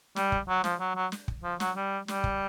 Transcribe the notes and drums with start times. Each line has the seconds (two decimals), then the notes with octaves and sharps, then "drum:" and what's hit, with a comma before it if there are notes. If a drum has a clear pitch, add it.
0.16 G3, drum: snare
0.32 drum: kick
0.49 F#3
0.64 F3, drum: snare
0.80 F#3
0.96 F#3
1.12 drum: snare
1.28 drum: kick
1.43 F3
1.60 F#3, drum: snare
1.76 G3
2.08 G3, drum: snare
2.24 drum: kick